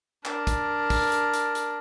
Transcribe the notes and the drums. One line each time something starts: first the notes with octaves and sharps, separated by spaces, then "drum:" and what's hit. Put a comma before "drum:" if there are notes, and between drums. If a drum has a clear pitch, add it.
D4 A#4, drum: clap
drum: kick, hi-hat
drum: kick, open hi-hat
drum: hi-hat
drum: hi-hat
drum: hi-hat